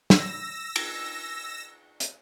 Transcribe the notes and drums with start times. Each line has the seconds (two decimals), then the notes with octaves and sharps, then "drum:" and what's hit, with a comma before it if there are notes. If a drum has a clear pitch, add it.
0.10 E6 A#6, drum: snare
0.76 drum: cymbal
2.00 drum: hi-hat